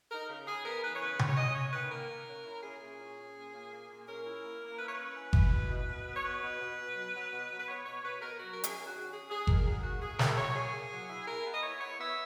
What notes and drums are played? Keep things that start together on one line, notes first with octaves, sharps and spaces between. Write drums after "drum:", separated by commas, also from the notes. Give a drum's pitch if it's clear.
D#4 A#4
C#3
C#3 G#4
B3 A#4
E3 B4
C#5
C#3 B4
C#4, drum: tom C3
C#5
C#4 D#5
A#3 C#5
D#3 B4
A#3 A#4
A#3
C#4
E4
C#4 G#4
A#2
C#4
C#4
A#2
A#3
A#3
A#2
C#4 A#4
E4
A#3
A#3
E4 B4
C#5
C#4 B4
C#4
E4, drum: kick G1
B2
B2
B2
B3
C#5
B2 B4
B2
B2
B2
F#3
F#3
B2
F#3
B4
B3 C#5
B2 C#5
B2 B4
B2 A#4
F#3 F#4
C#4 A#4
G#4, drum: hi-hat
D#3
F#4
C#4
C#4 G#4
C#4 G#4
D#3 A#4, drum: kick G1
F#3 G#4
A#3 F#4
A#3 G#4
F#3 A#4, drum: snare
F#3 C#5
A#3 G#4
A#3
F#3
E4
B3 A#4
B3
D#5
E4 C#5
B3 C#5
B3 E5